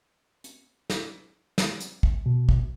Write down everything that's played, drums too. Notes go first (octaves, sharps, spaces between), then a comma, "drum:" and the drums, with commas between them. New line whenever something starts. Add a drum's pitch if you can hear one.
drum: hi-hat
drum: snare
drum: snare
drum: hi-hat
drum: kick
B2
drum: kick